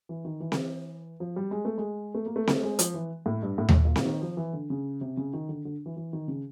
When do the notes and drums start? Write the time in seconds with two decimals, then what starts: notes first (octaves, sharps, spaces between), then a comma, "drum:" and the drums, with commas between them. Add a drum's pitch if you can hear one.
0.09 E3
0.25 D#3
0.40 E3
0.52 drum: snare C4
1.20 F3
1.36 G3
1.51 G#3
1.65 A3
1.78 G#3
2.15 A3
2.26 A#3
2.36 A3
2.47 A3, drum: snare C4
2.63 G#3
2.79 F3, drum: hi-hat
2.94 E3
3.26 A2
3.42 G2
3.58 A2
3.69 drum: tom D#2
3.85 A#2
3.96 A#2, drum: snare C4
4.05 D#3
4.22 F3
4.37 E3
4.53 D3
4.70 C#3
5.01 C3
5.17 C#3
5.34 D#3
5.49 D3
5.65 D3
5.86 E3
5.97 E3
6.13 D#3
6.28 C#3